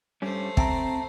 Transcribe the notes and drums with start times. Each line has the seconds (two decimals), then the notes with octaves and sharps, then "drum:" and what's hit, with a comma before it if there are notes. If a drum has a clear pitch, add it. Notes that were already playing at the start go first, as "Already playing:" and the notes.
0.22 G2 G3 A3 C#4 C5
0.57 C4 E5 G5 A5 A#5, drum: kick